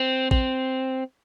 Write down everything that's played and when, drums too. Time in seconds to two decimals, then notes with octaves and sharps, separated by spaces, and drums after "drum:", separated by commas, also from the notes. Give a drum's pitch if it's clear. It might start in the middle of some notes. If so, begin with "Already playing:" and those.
Already playing: C4
0.31 C4, drum: kick